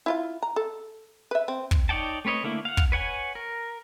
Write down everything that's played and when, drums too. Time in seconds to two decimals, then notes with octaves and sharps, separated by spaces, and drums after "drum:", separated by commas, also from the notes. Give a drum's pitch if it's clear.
0.06 E4 F4 F5
0.43 A#5
0.56 A4
1.31 B4 E5
1.48 C4
1.71 drum: kick
1.89 D#4 C#5 D5 G5 A5
2.25 A3 C4 B4 C#5 D#5
2.43 D3 A3 A#3 E4
2.65 F5 F#5
2.77 drum: kick
2.92 B4 C#5 F#5 G#5
3.35 A#4